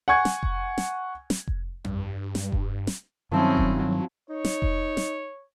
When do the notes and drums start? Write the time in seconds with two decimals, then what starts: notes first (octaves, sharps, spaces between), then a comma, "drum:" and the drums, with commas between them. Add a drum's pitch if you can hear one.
0.08 F#5 G#5 C#6 G#6
0.25 drum: snare
0.43 drum: kick F1
0.78 drum: snare
1.30 drum: snare
1.47 drum: kick F1
1.84 G2, drum: tom F2
2.35 drum: snare
2.52 drum: kick F1
2.87 drum: snare
3.31 G2 D#3 F3 F#3 C4 C#4 E4 D5
3.57 drum: kick F1
4.30 D#4 C#5
4.45 drum: snare
4.62 drum: kick F1
4.97 drum: snare